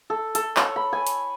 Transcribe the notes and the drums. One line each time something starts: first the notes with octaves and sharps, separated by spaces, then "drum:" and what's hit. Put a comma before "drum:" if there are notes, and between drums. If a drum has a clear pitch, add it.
A4
A4, drum: hi-hat
C#5, drum: clap
B5
G#5
drum: hi-hat